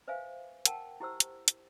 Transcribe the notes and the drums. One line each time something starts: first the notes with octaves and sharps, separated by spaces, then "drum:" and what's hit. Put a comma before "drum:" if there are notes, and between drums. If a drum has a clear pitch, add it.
B4 C5 E5 F5 G#5
A#4 F#5 G5 A5, drum: hi-hat
E4 G4 C5 E6
drum: hi-hat
drum: hi-hat